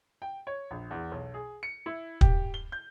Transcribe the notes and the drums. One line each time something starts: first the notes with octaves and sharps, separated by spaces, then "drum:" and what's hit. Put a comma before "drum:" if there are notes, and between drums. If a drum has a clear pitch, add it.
G5
C#5
A#1
E2
B1
G#4
C#7
E4
G4, drum: kick
G7
G6